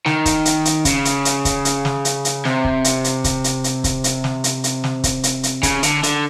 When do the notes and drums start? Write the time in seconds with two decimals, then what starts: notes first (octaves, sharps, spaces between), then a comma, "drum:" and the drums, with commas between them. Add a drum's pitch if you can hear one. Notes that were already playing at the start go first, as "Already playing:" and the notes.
0.06 D#3, drum: snare
0.25 drum: kick, hi-hat
0.45 drum: hi-hat
0.65 drum: hi-hat
0.85 C#3, drum: kick, hi-hat
1.05 drum: hi-hat
1.25 drum: hi-hat
1.45 drum: kick, hi-hat
1.65 drum: hi-hat
1.85 drum: snare
2.05 drum: hi-hat
2.25 drum: hi-hat
2.45 C3, drum: snare
2.65 drum: kick
2.84 drum: hi-hat
3.04 drum: hi-hat
3.24 drum: kick, hi-hat
3.44 drum: hi-hat
3.64 drum: hi-hat
3.84 drum: kick, hi-hat
4.04 drum: hi-hat
4.24 drum: snare
4.44 drum: hi-hat
4.64 drum: hi-hat
4.84 drum: snare
5.04 drum: kick, hi-hat
5.23 drum: hi-hat
5.43 drum: hi-hat
5.63 C#3, drum: kick, hi-hat
5.83 D3, drum: hi-hat
6.03 D3, drum: hi-hat